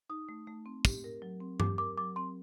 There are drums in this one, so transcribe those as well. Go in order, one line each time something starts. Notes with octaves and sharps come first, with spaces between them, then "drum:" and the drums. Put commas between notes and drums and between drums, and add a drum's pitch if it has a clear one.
D#4 D#6
A3
A3
C4
G4, drum: kick, tambourine
A#4
F#3
C4
G4 D6, drum: tom G2
A#4 D6
F#3 D6
C4 C6